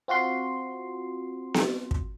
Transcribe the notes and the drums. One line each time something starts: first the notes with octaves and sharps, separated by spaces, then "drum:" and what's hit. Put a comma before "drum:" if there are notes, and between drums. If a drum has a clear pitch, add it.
C4 F4 F#4 C6
drum: snare B3
drum: kick